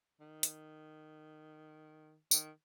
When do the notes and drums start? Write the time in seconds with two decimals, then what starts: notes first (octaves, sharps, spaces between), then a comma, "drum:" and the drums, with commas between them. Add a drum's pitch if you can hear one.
0.20 D#3
0.43 drum: hi-hat
2.31 D#3, drum: tambourine